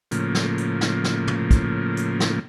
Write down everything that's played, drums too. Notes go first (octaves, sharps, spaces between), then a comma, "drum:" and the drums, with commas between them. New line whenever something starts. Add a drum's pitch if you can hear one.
A2 C#3 F3 A#3, drum: hi-hat
drum: snare
drum: hi-hat
drum: snare
drum: snare
drum: tom
drum: kick, hi-hat
drum: hi-hat
drum: snare